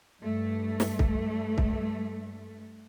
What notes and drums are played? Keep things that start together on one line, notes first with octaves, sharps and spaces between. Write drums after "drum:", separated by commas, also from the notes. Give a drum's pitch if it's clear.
G2 A3
drum: snare
drum: kick C2
drum: kick C2